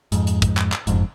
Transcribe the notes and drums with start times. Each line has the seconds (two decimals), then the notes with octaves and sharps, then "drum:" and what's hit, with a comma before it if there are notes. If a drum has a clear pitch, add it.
0.12 F2 G#2, drum: hi-hat
0.27 drum: hi-hat
0.42 drum: kick, hi-hat
0.57 drum: clap
0.72 drum: clap
0.87 F#1 F2 G#2, drum: hi-hat